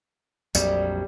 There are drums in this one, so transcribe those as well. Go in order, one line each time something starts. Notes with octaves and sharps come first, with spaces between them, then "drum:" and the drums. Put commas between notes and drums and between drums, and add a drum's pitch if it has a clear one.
A#1 F2 F#3 G3, drum: tambourine